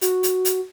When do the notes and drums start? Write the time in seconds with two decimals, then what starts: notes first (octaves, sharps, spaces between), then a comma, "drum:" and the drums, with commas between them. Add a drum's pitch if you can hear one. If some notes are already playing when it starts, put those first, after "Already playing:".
0.01 F#4, drum: hi-hat
0.23 drum: hi-hat
0.45 drum: hi-hat